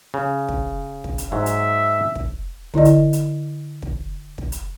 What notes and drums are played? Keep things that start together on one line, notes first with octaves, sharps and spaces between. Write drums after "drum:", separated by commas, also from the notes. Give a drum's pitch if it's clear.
C#3
drum: kick
drum: kick
drum: hi-hat
G#2 F#3 E5
drum: hi-hat
drum: kick
D3 E4 D5 D#5, drum: kick
drum: hi-hat
drum: hi-hat
drum: kick
drum: kick
drum: hi-hat